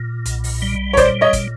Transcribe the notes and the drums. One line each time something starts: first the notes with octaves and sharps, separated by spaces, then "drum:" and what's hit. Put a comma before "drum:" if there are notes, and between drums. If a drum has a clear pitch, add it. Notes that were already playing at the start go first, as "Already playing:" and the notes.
Already playing: A#2
B1, drum: hi-hat
drum: open hi-hat
G3
C#5
A#2 C5 D5, drum: kick, hi-hat
C#5 D#5
A#2, drum: kick, hi-hat